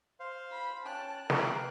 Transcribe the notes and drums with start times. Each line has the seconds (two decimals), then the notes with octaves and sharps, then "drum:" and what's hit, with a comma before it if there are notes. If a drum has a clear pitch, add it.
0.20 C5 F5
0.51 B5
0.85 C#4 G5 A5 F#6
1.30 A#4 B4 F5 G5 F#6, drum: snare